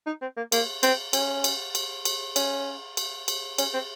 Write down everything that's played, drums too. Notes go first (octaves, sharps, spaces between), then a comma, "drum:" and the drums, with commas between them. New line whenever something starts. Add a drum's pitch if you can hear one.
D#4
C4
A#3
A#3, drum: cymbal
C4, drum: cymbal
C#4, drum: cymbal
drum: cymbal
drum: cymbal
drum: cymbal
C#4, drum: cymbal
drum: cymbal
drum: cymbal
C#4, drum: cymbal
C4